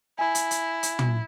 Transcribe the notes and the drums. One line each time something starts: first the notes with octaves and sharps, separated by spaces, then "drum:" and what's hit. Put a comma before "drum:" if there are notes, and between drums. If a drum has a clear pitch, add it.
E4 G#5
drum: hi-hat
drum: hi-hat
drum: hi-hat
drum: tom